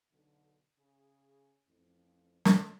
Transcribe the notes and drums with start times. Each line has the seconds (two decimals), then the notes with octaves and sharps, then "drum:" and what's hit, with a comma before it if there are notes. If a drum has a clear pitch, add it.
0.12 B1 D3
0.78 C#3 G#4
1.67 A1 F2
2.45 drum: snare